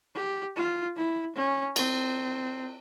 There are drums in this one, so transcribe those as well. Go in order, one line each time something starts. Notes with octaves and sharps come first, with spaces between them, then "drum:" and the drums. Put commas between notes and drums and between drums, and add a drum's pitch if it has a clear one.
G4
F4
E4
C#4
C4, drum: cymbal